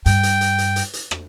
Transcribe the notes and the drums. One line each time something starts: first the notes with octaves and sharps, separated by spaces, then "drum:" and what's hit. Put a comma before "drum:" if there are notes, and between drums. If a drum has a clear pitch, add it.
G2 G5, drum: hi-hat
drum: hi-hat
drum: hi-hat
drum: hi-hat
drum: hi-hat
drum: hi-hat
drum: rim click